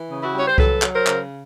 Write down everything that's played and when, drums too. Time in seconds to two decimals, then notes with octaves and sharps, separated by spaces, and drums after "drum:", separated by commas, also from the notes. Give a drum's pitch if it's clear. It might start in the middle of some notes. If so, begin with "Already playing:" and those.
Already playing: E3
0.10 C#3
0.22 E4 F#4
0.34 G3 C#5
0.47 C5
0.58 F#3 A4 B4, drum: kick C2
0.82 F#3, drum: clap
0.94 A#4 C5
1.07 C#3, drum: clap